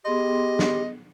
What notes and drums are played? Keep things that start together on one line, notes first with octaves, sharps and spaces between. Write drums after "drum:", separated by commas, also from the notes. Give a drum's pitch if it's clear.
B3 G4 G#4 D#5 C6
drum: snare